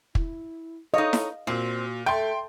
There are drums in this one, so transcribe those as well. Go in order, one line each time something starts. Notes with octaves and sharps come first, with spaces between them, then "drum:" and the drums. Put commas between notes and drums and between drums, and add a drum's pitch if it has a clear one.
E4, drum: kick
D#4 A4 C#5 D#5 F5
drum: snare E4
A#2 C4 F#4
A3 A4 G5 C6